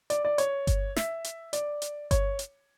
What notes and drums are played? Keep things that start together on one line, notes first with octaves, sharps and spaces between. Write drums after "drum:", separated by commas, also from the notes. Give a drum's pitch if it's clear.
D5, drum: hi-hat
D5
C#5, drum: hi-hat
drum: kick G1, hi-hat
E5, drum: snare
drum: hi-hat
D5, drum: hi-hat
drum: hi-hat
C#5, drum: kick G1, hi-hat
drum: hi-hat